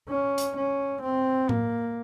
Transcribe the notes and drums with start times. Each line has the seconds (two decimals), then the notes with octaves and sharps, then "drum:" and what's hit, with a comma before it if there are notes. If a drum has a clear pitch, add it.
0.09 C#4
0.38 drum: hi-hat
0.56 C#4
1.02 C4
1.49 A#3, drum: tom A2